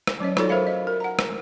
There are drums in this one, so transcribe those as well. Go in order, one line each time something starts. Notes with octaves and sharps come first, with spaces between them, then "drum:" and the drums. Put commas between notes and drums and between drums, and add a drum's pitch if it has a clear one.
drum: rim click
F#3 C#4 C#5 D#5
D#4 F4 F#4 A4 C#5 D5, drum: rim click
A#4 C5 E5 F5 B5
D#5
A#4
F#5 A#5
drum: rim click